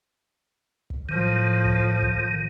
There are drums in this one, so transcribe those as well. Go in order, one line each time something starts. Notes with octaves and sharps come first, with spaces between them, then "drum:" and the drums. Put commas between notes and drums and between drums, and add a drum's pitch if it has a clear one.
drum: kick
A2 D#3 F3
drum: kick
drum: kick